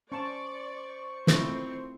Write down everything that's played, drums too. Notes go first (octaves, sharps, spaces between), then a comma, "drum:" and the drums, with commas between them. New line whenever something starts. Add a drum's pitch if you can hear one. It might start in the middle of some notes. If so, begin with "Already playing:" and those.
C#4 C5 D5 A5 C#6
D#3 A3 C4 E4 F4 A4, drum: snare